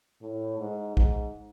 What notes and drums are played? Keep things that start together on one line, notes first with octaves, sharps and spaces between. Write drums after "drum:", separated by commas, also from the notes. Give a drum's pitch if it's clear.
A2
G#2
G#2, drum: kick A#1